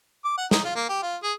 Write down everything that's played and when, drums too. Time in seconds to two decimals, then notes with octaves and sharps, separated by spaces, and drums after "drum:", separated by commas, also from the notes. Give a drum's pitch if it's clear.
0.24 D6
0.37 F#5
0.51 D#4, drum: snare
0.64 F4
0.76 A#3
0.89 G4
1.02 F4
1.23 G#4